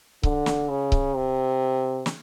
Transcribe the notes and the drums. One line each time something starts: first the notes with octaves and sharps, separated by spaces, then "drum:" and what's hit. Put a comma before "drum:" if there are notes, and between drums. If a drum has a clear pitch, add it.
D3, drum: kick C#1
drum: snare
C#3
drum: kick C#1
C3
drum: snare